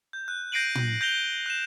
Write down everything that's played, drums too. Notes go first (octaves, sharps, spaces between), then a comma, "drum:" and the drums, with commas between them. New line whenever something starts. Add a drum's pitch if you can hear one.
G6
F#6
G6 A#6 C7 D7 D#7 F#7
drum: tom
G6 A#6 F7 G7
F#6 E7